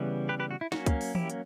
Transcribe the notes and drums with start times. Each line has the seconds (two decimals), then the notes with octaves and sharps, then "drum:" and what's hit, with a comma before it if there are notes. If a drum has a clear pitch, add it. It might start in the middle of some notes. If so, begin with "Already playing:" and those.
Already playing: C#3 E3 G3 B3
0.29 G4 B4
0.40 G4 B4
0.51 F#4
0.61 E4
0.72 F#3 A#3 C#4 F#4, drum: snare
0.86 drum: kick, hi-hat
1.01 drum: open hi-hat
1.15 E4 G4, drum: tom E3
1.30 drum: hi-hat